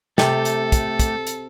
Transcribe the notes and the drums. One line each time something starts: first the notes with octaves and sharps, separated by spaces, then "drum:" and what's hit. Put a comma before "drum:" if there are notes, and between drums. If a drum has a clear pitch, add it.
C3 A3 G4 A4, drum: snare
drum: hi-hat
drum: kick, hi-hat
drum: kick, hi-hat
drum: hi-hat